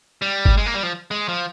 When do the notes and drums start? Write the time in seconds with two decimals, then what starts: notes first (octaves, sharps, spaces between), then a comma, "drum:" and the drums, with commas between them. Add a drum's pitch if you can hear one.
0.22 G3
0.45 drum: kick
0.57 G#3
0.66 A#3
0.74 G3
0.83 F3
1.11 G#3
1.29 F3